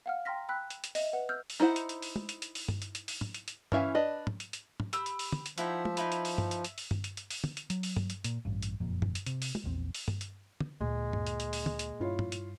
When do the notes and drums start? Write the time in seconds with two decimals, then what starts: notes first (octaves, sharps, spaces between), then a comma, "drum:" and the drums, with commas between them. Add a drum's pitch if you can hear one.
0.06 F5 F#5 F6
0.25 G5 A#5 C6 F6 A#6 B6
0.49 G5 B5 E6 F#6 B6
0.70 drum: hi-hat
0.84 drum: hi-hat
0.95 D#5 E5, drum: open hi-hat
1.13 B4 F#5
1.29 E6 F6 G6
1.50 drum: open hi-hat
1.60 D#4 E4 C5 F#5
1.76 drum: hi-hat
1.89 drum: hi-hat
2.02 drum: open hi-hat
2.16 drum: tom
2.29 drum: hi-hat
2.42 drum: hi-hat
2.55 drum: open hi-hat
2.68 drum: tom G2
2.82 drum: hi-hat
2.95 drum: hi-hat
3.08 drum: open hi-hat
3.21 drum: tom
3.34 drum: hi-hat
3.48 drum: hi-hat
3.72 E3 C#4 E5 F5 G#5, drum: tom G2
3.95 D4 B4 D#5
4.27 drum: tom
4.40 drum: hi-hat
4.53 drum: hi-hat
4.80 drum: tom
4.93 G4 B5 E6, drum: hi-hat
5.06 drum: hi-hat
5.19 drum: open hi-hat
5.32 drum: tom
5.46 drum: hi-hat
5.58 F3 D#4 E4 E5 F#5, drum: hi-hat
5.85 drum: tom
5.97 D#4 E4 B4, drum: hi-hat
6.12 drum: hi-hat
6.25 drum: open hi-hat
6.38 drum: tom G2
6.51 drum: hi-hat
6.64 drum: hi-hat
6.78 drum: open hi-hat
6.91 drum: tom G2
7.04 drum: hi-hat
7.17 drum: hi-hat
7.30 drum: open hi-hat
7.44 drum: tom
7.57 drum: hi-hat
7.70 F#3, drum: hi-hat
7.83 drum: open hi-hat
7.96 drum: tom G2
8.10 drum: hi-hat
8.24 A#2, drum: hi-hat
8.45 A1 G2
8.62 drum: hi-hat
8.80 F#1 F2 A#2
9.02 drum: tom G2
9.15 drum: hi-hat
9.26 C3, drum: hi-hat
9.42 drum: open hi-hat
9.55 drum: tom
9.64 A#1 E2 F3 C4
9.95 drum: open hi-hat
10.08 drum: tom G2
10.21 drum: hi-hat
10.61 drum: tom
10.81 D2 A#2 G#3
11.13 drum: tom G2
11.27 drum: hi-hat
11.40 drum: hi-hat
11.53 drum: open hi-hat
11.66 drum: tom
11.79 drum: hi-hat
12.00 G2 E4 F4 C#5
12.19 drum: tom
12.32 drum: hi-hat